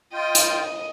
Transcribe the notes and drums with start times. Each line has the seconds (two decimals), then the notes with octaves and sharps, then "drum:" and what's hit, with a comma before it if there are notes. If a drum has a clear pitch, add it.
0.13 F4 D#5 G5
0.35 drum: hi-hat